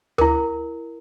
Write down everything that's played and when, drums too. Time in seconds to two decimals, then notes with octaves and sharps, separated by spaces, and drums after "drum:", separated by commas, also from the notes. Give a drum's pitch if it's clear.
0.18 E4 A#4, drum: tom D2